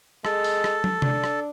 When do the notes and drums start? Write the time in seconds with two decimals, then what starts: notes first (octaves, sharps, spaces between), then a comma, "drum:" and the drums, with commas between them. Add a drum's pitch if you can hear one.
0.25 G#3 A4, drum: rim click
0.44 drum: open hi-hat
0.64 drum: rim click
0.84 drum: tom
1.02 D4, drum: tom C3
1.24 drum: rim click